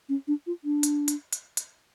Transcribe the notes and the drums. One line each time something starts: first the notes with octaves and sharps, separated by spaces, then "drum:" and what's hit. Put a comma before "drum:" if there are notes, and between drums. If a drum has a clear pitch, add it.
C#4
D4
F4
D4
drum: hi-hat
drum: hi-hat
drum: hi-hat
drum: hi-hat